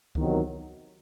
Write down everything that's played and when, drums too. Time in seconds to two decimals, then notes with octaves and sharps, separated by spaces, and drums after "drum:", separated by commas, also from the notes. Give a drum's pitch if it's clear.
0.15 E2 C3 D#3 F#3, drum: kick C#2